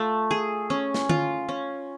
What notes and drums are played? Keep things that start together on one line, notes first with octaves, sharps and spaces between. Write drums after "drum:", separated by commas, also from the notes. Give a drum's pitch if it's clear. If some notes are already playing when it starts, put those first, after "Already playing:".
Already playing: A3 F4
G#4
C#4
drum: snare
F4, drum: tom D3
C#4